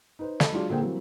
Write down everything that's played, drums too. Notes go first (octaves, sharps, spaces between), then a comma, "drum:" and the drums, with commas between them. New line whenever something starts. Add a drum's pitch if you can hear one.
D#4 B4 C5
A4 D#5 A5 B5, drum: snare
F#3 G#3 D4 F4 G#4 D5
A#2 D3 A#3 G#4 C5 G5
E3 F#3 G3 A#3 C4